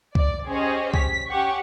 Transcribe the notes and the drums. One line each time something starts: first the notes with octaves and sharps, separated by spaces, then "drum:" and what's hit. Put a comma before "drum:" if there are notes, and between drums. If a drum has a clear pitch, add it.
D5, drum: kick
C#4 G4 G#4 C5 C#5 D#5
B6, drum: kick
C#4 G4 F#5 C#6